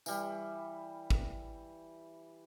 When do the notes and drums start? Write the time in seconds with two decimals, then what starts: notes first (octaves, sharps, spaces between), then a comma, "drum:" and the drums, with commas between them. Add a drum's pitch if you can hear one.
0.06 E3 G3, drum: tambourine
1.10 drum: kick